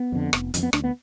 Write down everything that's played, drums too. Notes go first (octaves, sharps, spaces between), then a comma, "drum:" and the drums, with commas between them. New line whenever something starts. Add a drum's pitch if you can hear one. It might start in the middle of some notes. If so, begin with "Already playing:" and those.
Already playing: B3
F2 D3
F1, drum: rim click
F2 D3, drum: hi-hat
B3
D2 D4, drum: rim click
B3